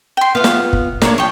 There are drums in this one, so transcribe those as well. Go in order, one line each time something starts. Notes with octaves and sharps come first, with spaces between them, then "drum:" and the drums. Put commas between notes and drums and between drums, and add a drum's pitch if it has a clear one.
G5 C6
B3 F4 F5
drum: snare
drum: kick
A#3 D4 C#5, drum: snare
F3 C#5 G5